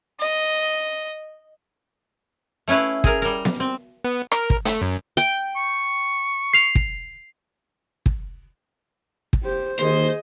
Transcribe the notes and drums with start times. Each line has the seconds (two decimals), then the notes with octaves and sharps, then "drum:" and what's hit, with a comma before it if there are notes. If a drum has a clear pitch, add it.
0.20 D#5
2.68 A3 C#4 E4 B4 F5
3.04 G#4 A#4, drum: kick
3.22 G3 A#4
3.45 drum: snare B3
3.60 C4
4.05 B3
4.32 A#4, drum: rim click
4.50 drum: kick
4.65 A3, drum: hi-hat
4.82 F#2
5.17 G5
5.56 C#6
6.54 C7 F7
6.75 drum: kick
8.06 drum: kick
9.33 drum: kick
9.44 G4 C5
9.79 D#2 G#4 C5 D#5